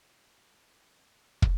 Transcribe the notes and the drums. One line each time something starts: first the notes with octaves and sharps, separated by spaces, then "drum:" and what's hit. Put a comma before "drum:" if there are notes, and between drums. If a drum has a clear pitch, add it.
F#3
G3
F#3
G3
F#3
G3
G#3
G#3
drum: kick